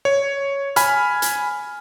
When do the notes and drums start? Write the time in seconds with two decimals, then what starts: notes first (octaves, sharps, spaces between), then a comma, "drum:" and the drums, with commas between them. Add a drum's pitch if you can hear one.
0.05 C#5
0.76 G#5 B5 F6, drum: hi-hat
1.22 drum: hi-hat